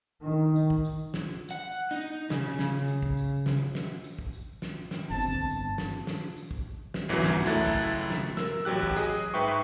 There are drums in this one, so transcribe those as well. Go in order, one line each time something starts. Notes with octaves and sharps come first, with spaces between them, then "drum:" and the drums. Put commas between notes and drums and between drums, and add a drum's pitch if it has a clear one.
D#3
drum: tambourine
drum: kick
drum: tambourine
drum: snare
F#5
drum: tambourine
D#4
drum: tambourine
C#3, drum: snare
drum: snare
drum: tambourine
drum: kick
drum: tambourine
drum: snare
drum: snare
drum: tambourine
drum: kick
drum: tambourine
drum: snare
drum: snare
G1 C3 C4 A5
drum: tambourine
drum: kick
drum: tambourine
drum: snare
drum: snare
drum: tambourine
drum: kick
drum: snare
G1 C2 G#2 E3 F#3
drum: snare
C#2 F#2 A3 E4 F#6 A6
drum: kick
drum: tambourine
drum: snare
A#4 E6, drum: snare
A1 F#3 G4 F#6
drum: kick
G#4 D#5 D#6, drum: tambourine
G#2 B4 E5 G5 C#6